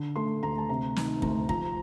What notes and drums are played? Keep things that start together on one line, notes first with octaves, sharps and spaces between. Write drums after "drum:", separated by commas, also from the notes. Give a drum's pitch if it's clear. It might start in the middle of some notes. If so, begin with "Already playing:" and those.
Already playing: D3
A3 C6
D2 A#5
A5
C3 A#5
D#3, drum: snare
D2 A#5, drum: kick
F3 A#5, drum: kick